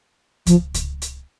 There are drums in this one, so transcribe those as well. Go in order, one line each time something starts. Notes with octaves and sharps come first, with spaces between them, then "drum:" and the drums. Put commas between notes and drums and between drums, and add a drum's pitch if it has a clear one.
F3, drum: kick C#2, hi-hat
drum: kick C#2, hi-hat
drum: hi-hat